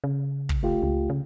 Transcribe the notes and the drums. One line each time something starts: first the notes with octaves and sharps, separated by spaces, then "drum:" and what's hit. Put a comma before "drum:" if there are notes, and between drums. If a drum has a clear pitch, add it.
C#3
drum: kick
A3 F4 G4
C#2
C#3